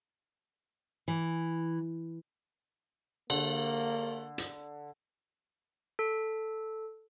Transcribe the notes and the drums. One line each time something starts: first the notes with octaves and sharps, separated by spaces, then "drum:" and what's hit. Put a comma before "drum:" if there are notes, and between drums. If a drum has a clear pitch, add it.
E3
D3 A#3, drum: cymbal
drum: hi-hat
A4